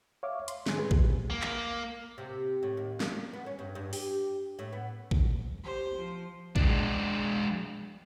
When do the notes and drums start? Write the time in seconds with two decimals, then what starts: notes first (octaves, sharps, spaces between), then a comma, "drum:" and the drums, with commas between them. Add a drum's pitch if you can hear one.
0.23 C#5 E5 F5 D6
0.48 C6, drum: hi-hat
0.66 A2 D#3 G3 G#4 G#5, drum: snare
0.79 G#4 B4
0.91 G4, drum: kick A#1
1.30 A#3
1.42 drum: clap
2.18 C3
2.63 A2
2.77 D#2
3.00 A#3, drum: snare
3.33 B3
3.46 C#4
3.59 G2
3.75 G2
3.93 G4, drum: open hi-hat
4.59 A2
4.72 B3
5.11 drum: kick A#1
5.65 G4 C5
5.95 F3
6.56 G#3 D4, drum: kick A#1